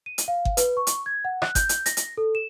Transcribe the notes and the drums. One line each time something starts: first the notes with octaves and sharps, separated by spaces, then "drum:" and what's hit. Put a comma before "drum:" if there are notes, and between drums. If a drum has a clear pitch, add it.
D#7
drum: hi-hat
F5
drum: kick G1
B4, drum: hi-hat
C#6
drum: hi-hat
G#6
F#5
F#6, drum: rim click
G6, drum: kick G1, hi-hat
drum: hi-hat
A#6, drum: hi-hat
drum: hi-hat
A4
E7